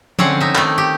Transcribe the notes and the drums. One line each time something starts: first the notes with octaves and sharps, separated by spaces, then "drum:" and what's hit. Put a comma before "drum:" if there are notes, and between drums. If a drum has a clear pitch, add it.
D3 C4 C#4 C#5 F5 F#5, drum: tom F3
D#4 E5
D#3 A3, drum: clap
G4